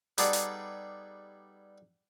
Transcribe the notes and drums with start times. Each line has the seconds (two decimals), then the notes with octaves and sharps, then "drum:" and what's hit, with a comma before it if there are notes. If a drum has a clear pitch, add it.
0.18 G3 B3 D#4 G#4 A4 D5, drum: hi-hat
0.33 drum: hi-hat